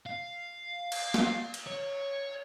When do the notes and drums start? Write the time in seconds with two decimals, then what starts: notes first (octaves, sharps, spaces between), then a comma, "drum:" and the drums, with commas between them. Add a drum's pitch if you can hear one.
0.07 F5
0.92 drum: cymbal
1.14 drum: snare
1.54 drum: cymbal
1.67 C#5